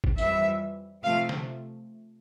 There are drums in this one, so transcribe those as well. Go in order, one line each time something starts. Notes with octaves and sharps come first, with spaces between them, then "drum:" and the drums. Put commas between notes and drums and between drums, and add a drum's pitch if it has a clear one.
drum: kick G1
F2 E3 G3 E5, drum: tambourine
C3 F3 A3 C4 F5
drum: snare